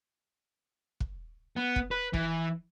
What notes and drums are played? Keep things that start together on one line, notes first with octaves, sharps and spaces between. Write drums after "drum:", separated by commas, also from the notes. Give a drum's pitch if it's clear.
drum: kick
B3
drum: kick
B4
E3, drum: kick